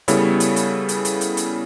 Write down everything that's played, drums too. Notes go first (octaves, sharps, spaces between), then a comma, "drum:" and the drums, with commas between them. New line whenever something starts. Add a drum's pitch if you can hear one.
C#3 G3 B3 E4 A4 C#5, drum: hi-hat
drum: hi-hat
drum: hi-hat
drum: hi-hat
drum: hi-hat
drum: hi-hat
drum: hi-hat